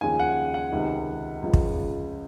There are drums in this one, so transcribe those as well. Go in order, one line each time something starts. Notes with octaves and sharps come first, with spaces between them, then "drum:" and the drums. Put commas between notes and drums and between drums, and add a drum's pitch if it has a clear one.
D#2 C#3 F3 G#5
F#5
F#5
C#2 C3 D#3
C#2 C#3 F3
drum: kick